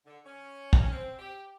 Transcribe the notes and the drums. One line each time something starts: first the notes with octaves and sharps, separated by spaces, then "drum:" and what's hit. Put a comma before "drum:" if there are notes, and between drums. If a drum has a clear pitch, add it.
D3
C#4
drum: kick
C4
G4